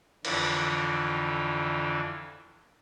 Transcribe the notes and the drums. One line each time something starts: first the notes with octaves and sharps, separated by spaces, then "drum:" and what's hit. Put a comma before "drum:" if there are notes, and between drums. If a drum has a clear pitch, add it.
F2 D3 E3, drum: cymbal